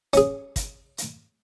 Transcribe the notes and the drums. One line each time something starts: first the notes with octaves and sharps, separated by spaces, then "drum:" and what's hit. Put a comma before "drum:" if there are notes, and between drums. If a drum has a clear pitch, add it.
C#4 G#4, drum: hi-hat
drum: kick, hi-hat
drum: hi-hat